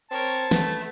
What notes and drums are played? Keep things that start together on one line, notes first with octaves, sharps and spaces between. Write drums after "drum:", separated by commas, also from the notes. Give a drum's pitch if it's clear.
C4 A#4 C#5 A5
A3 B3, drum: snare